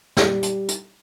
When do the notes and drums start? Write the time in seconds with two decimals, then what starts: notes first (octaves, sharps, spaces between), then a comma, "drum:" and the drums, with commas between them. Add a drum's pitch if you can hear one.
0.17 G3, drum: snare
0.43 drum: hi-hat
0.68 drum: hi-hat